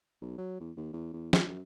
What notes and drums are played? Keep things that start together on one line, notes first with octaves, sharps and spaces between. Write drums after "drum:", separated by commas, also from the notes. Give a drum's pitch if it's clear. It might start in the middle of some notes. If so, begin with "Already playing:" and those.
B1
F#3
E2
D#2
E2
E2
G#1, drum: snare
F#2